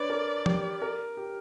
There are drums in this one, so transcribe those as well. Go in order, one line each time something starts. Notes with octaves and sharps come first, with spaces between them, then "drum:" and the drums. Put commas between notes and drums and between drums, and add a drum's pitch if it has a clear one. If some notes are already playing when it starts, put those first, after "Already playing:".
Already playing: D4 B4 C#5 D5
A#4
G4, drum: tom E3
A#4
G4